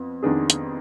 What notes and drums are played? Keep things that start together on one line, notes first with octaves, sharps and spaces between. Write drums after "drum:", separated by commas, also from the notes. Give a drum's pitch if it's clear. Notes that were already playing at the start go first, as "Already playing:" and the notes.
Already playing: F2 B3
F2 D#3 B3 D4 G#4
drum: hi-hat